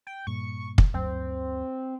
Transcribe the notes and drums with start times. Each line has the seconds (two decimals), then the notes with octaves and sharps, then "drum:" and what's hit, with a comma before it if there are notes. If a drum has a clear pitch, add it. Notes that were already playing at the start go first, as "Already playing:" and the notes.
0.07 G5
0.27 G2 A#2 C#6
0.78 drum: kick
0.94 D2 G2 F#3 C4